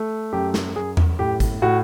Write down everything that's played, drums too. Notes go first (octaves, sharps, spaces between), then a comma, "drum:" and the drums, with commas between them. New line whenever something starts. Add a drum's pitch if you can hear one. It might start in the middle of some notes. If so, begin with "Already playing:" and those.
Already playing: A3
F#2 G4
drum: snare
F#2 G#4
drum: tom E2
A2 G4
drum: kick G#1, hi-hat
A2 F#4